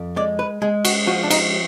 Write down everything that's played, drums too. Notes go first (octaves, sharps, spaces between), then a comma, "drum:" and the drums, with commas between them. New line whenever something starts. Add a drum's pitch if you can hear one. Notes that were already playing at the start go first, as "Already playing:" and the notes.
Already playing: F2
G#3 D5
B4
G#3 G#4
F#4, drum: cymbal
F3 F#4
D4
D#4, drum: cymbal